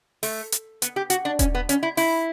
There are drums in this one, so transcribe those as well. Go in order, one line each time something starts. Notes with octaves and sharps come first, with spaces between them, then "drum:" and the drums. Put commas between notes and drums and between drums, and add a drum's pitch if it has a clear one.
A3, drum: open hi-hat
drum: hi-hat
B3, drum: hi-hat
G4
F#4, drum: hi-hat
D4
C#4, drum: kick D#1, hi-hat
B3
C#4, drum: hi-hat
E4
E4, drum: open hi-hat